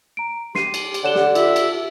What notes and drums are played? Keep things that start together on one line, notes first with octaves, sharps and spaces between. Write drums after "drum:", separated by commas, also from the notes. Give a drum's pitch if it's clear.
A#5 D7
G4 C6 C7 D#7, drum: snare
drum: cymbal
drum: cymbal
D3 C#5 F#5 E7 G7
drum: snare
F4 E5, drum: cymbal
drum: cymbal